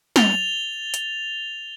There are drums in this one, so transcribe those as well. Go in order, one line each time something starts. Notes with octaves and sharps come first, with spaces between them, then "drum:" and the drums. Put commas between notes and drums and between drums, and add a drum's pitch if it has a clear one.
A6 F7 G7, drum: snare
drum: hi-hat